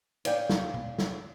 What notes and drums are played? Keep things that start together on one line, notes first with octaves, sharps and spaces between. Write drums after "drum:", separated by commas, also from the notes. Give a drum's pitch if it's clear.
C#5 D5 F5 G5 G#5, drum: cymbal
drum: snare
drum: tom B2
drum: snare